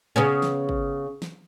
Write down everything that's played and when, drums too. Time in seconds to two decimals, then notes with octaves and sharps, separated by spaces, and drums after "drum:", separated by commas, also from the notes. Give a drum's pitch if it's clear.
0.16 C#3 B3 C#4
0.42 drum: snare
0.69 drum: kick
1.22 drum: snare